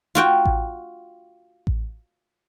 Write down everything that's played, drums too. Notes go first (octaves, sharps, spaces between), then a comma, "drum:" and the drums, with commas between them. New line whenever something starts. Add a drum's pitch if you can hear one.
F4 F#4 G5
drum: kick A1
drum: kick A1